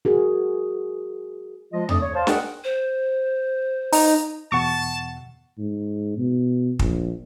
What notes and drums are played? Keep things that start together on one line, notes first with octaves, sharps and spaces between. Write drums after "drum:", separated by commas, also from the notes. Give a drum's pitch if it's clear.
F#4 G#4 A#4
F3 G#3 F4 D#5
F2 A3 D4 D5 D#6, drum: tom E2
C#5
C5 D5 F5 A5
G#4 A#4 D#5 F#5 G5, drum: snare
C5
D#4, drum: open hi-hat
E2 B2 F#5 A5 C#6
G#2
B2
A#1, drum: kick